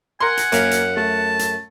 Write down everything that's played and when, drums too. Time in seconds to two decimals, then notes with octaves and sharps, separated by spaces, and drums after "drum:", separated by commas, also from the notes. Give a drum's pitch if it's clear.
0.20 A#4 F#5 G#5 C6
0.37 drum: hi-hat
0.52 F#2 A#3 F5 B5, drum: hi-hat
0.71 drum: hi-hat
0.97 A3 A5
1.39 drum: hi-hat